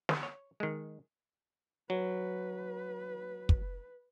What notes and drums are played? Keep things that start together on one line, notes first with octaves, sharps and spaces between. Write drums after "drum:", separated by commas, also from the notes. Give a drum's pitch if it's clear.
drum: snare
C#5
D#3 G#3
F#3 B4
drum: kick